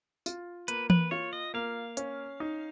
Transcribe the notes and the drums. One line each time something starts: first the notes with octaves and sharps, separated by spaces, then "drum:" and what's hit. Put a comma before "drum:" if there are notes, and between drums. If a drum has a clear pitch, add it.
F4, drum: tambourine
A#3 B4, drum: hi-hat
B4, drum: tom E3
F4 C#5
D#5
A#3 F5
C#4, drum: hi-hat
D#4